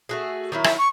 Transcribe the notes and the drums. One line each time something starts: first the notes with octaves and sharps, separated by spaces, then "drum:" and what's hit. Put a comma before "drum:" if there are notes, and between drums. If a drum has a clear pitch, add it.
A3 F#4 G#4
D#3 F#3 E4
E5, drum: rim click
C#6